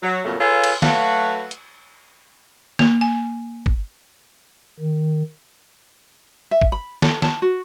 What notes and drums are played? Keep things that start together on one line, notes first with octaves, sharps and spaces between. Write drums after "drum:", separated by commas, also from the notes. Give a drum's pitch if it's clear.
F#3
F2 A#2 C#3 F#3 A3 A#3
F4 G#4 A4 B4 C#5 F5
drum: cymbal
F#3 A3 F#4 B4 F5, drum: snare
drum: hi-hat
A#3, drum: snare
G#5
drum: kick
D#3
E5
drum: kick
B5
A4, drum: snare
A5, drum: snare
F#4